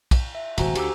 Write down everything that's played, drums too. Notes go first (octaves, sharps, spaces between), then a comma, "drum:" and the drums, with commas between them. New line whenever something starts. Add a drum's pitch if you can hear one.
drum: kick, cymbal
E5
D#1 G#1 F#4 C5 G#5 A#5, drum: cymbal
D2 D3 G4 D6 E6, drum: cymbal